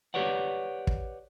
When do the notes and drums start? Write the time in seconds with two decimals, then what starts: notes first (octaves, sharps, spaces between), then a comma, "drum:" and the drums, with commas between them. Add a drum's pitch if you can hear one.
0.14 G4 B4 C#5 D5 F#5
0.87 drum: kick